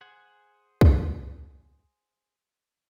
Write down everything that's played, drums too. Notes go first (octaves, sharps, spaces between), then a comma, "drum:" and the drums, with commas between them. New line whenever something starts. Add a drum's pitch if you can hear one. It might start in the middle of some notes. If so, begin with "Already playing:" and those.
G#4 C5 F#5 G#5
drum: kick